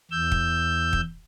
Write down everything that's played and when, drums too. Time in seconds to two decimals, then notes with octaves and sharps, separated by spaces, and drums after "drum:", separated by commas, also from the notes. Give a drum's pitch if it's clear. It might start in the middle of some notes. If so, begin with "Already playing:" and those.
0.11 E2 E6 G6
0.32 drum: kick
0.93 drum: kick